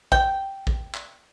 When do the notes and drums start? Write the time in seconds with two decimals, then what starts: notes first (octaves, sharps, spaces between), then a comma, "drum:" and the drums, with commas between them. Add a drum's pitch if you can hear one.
0.12 G5, drum: kick
0.67 drum: kick
0.94 drum: clap